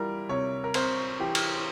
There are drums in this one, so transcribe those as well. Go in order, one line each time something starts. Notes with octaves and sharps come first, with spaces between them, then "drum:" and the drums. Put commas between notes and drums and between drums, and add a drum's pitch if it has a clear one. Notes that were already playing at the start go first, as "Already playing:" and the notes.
Already playing: E3 G3 E4 F4 A#4
C3 C#5
A#4
C3 C5, drum: cymbal
E3 G4
drum: cymbal